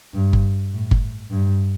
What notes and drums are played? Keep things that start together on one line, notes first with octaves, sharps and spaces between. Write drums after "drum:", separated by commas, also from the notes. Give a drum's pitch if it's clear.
G2
drum: kick G1
A2
drum: kick G1
G2